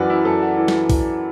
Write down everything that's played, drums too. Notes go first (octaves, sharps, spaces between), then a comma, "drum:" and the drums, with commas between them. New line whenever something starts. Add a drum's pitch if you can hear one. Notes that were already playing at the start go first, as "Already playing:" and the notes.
Already playing: F#2 E3 F#4 B4 D5
E4
F#2 A4
F#4
E3 E4
drum: snare
drum: kick A#1, open hi-hat